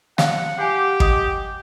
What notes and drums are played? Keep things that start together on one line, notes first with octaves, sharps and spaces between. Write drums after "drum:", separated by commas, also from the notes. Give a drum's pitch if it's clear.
F5 F#5, drum: snare
G4 F#5 G#5
D#5 D#6, drum: kick